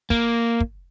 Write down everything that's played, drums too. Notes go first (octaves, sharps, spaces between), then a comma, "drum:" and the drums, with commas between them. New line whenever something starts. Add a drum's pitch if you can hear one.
A#3, drum: kick
drum: kick